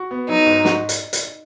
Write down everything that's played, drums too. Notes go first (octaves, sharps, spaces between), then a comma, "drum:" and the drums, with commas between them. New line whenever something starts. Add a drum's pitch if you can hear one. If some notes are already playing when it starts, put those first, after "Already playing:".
Already playing: F#4
B3
F#3 D#4
G#2
F#4, drum: snare
drum: hi-hat
drum: hi-hat